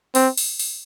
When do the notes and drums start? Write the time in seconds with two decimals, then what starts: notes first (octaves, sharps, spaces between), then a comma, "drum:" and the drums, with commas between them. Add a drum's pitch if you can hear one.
0.15 C4, drum: open hi-hat
0.37 drum: open hi-hat
0.59 drum: open hi-hat